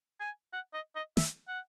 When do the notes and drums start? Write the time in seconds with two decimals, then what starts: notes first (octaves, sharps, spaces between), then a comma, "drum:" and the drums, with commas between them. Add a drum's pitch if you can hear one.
0.20 G#5
0.53 F#5
0.73 D#5
0.95 D#5
1.17 E5, drum: snare
1.48 F#5